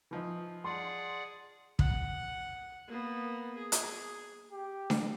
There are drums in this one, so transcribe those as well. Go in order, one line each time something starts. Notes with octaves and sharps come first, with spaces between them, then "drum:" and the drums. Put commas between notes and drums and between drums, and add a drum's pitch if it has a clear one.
E3 F3 D#4
G#4 D5 F#5 C6
F#5, drum: kick
A#3 B3
G#4
drum: hi-hat
G4
drum: snare D4